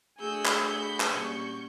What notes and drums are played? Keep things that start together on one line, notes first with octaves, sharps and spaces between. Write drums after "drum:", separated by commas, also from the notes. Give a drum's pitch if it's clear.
A3 D4 F#4 G#4 G#5 E6 G6
drum: clap
B5
drum: clap
A#2 G3 C#4 C#6